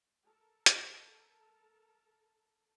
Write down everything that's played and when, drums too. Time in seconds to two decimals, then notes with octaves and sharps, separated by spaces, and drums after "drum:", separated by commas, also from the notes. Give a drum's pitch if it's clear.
0.23 A4 A#4 A5
0.66 drum: hi-hat